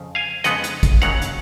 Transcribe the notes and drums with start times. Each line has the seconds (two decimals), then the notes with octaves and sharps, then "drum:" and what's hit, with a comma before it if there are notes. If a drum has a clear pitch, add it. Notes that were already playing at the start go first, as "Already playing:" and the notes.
Already playing: F2 C#3
0.15 F5 G#5
0.44 F2 C#3 G#3 B3 D#5 F#5, drum: hi-hat
0.64 drum: hi-hat
0.83 drum: kick, hi-hat
1.02 D#2 C#3 F#3 F#5 A#5, drum: hi-hat
1.22 drum: hi-hat